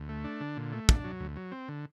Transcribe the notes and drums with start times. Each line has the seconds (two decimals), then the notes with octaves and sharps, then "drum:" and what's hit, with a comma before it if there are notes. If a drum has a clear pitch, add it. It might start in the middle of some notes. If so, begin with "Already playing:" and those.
Already playing: D2
0.09 A3
0.24 D4
0.40 D3
0.57 A#2
0.72 A3
0.89 D4, drum: kick
1.04 F#3
1.20 D2
1.36 F#3
1.52 C4
1.68 D3